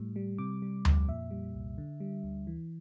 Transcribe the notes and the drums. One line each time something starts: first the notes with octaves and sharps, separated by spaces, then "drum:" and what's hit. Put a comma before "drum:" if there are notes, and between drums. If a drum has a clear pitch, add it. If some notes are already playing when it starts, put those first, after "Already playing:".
Already playing: A2 G3
G3
C3 D6
G3
F2, drum: tom D2
A#2 E5
G3
C2
D3
G3
D2
E3